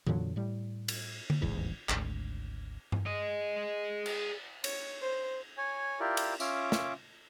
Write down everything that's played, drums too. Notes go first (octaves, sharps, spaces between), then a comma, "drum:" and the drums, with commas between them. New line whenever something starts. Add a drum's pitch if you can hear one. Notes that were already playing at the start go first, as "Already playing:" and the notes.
F2 A#2 D3 F#3, drum: tom E3
A2 G3
drum: cymbal
drum: tom D3
D#1 A1 E2 G#2
G#1 D2, drum: clap
drum: tom G2
G#4 D#5
drum: cymbal
C#5, drum: cymbal
C5
C#5 G#5
E4 F4 G4 A#4 D5
drum: cymbal
C#4 F4 E5 D6, drum: tambourine
drum: snare